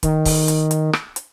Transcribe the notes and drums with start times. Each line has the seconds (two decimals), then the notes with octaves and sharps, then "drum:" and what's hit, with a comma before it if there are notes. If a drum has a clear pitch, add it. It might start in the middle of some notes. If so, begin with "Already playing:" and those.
0.03 D#3, drum: kick, hi-hat
0.25 drum: kick, open hi-hat
0.48 drum: hi-hat
0.71 drum: hi-hat
0.93 drum: rim click
1.16 drum: hi-hat